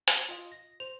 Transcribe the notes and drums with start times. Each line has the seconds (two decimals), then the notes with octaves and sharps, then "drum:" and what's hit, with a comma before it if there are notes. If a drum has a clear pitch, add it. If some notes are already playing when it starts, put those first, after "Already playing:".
0.08 drum: hi-hat
0.29 F4 D#5
0.52 A#6
0.80 C5 F7